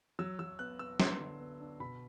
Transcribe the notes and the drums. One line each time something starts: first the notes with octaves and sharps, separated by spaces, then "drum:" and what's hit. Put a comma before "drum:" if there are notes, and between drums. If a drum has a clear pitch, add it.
F#3 E6
F#3 E6
B3 F#6
B3 E6
B3 C6, drum: snare
D3
B3
D4
B2 B5